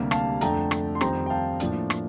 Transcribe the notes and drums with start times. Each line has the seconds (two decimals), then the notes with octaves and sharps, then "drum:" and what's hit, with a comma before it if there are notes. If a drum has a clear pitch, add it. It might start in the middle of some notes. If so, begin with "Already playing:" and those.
Already playing: D2 C3 G3 A#3
0.11 F5 A5, drum: rim click
0.41 F2 D3 A3 D4 G5 A#5, drum: hi-hat
0.71 drum: rim click
0.95 C6
1.01 F2 D#3 G3 C4 D#4 G5 A#5, drum: rim click
1.26 G5
1.30 F5 A5
1.60 A2 F3 A#3 D4, drum: hi-hat
1.90 drum: rim click